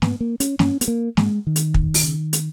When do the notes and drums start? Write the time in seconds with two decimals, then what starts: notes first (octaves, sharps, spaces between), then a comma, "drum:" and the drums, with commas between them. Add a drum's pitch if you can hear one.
0.02 G#2 B3, drum: snare
0.20 A#3
0.40 C#4, drum: hi-hat
0.59 G2 C#4, drum: snare
0.81 B3, drum: hi-hat
0.88 A#3
1.17 G#2 G#3, drum: snare
1.47 D#3
1.56 drum: hi-hat
1.74 E2, drum: kick
1.94 drum: open hi-hat
2.03 C#3
2.33 drum: hi-hat